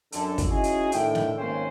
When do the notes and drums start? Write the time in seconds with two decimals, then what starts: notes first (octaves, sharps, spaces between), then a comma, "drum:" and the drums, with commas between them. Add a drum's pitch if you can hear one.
0.12 F#2 D3 A4, drum: hi-hat
0.38 drum: kick, hi-hat
0.48 C#4 D#4 E4 F#4 G#4
0.64 drum: hi-hat
0.92 A2 D3 D#3 E5 G5, drum: hi-hat
1.15 drum: snare
1.37 G#1 C#3 A#3 C#4 C5 G5